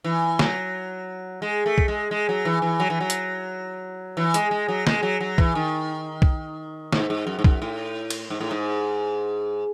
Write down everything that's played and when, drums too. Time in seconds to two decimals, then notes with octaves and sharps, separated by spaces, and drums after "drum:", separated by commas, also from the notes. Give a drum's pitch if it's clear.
0.04 E3
0.39 F#3, drum: snare
1.42 G#3
1.66 A3
1.78 drum: kick B1
1.88 G#3
2.11 G#3
2.29 F#3
2.45 E3
2.62 E3
2.80 F#3
2.90 E3
3.00 F#3
3.10 drum: hi-hat
4.17 E3
4.34 G#3, drum: hi-hat
4.51 G#3
4.68 F#3
4.87 G#3, drum: snare
5.03 F#3
5.21 F#3
5.38 E3, drum: kick B1
5.55 D#3
6.22 drum: kick B1
6.93 G#2, drum: snare
7.10 G#2
7.27 F#2
7.39 G#2
7.44 F#2, drum: kick B1
7.62 A2
8.10 drum: cymbal
8.30 G#2
8.41 A2
8.51 G#2